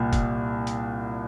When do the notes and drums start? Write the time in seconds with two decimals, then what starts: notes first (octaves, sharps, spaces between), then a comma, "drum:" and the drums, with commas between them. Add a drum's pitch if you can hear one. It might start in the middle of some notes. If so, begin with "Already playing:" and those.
Already playing: C2 A#2
0.13 drum: kick, hi-hat
0.67 drum: hi-hat